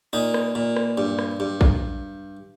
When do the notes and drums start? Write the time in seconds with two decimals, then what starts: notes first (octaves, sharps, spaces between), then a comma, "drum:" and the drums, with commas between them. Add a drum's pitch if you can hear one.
0.13 A#2 D#4
0.34 drum: rim click
0.55 A#2
0.76 drum: rim click
0.98 G2
1.19 drum: rim click
1.40 G2
1.61 drum: kick